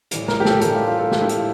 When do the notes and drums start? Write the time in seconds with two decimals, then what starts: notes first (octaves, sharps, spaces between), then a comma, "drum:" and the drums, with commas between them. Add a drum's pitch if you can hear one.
0.11 A2 E3 G3, drum: hi-hat
0.28 A#4, drum: snare
0.40 G4
0.45 A4, drum: snare
0.61 A2 E3 G3 G4, drum: hi-hat
0.75 F4
0.87 F4
0.99 A4
1.11 A2 E3 G3 G4, drum: snare
1.22 E4
1.29 F4, drum: hi-hat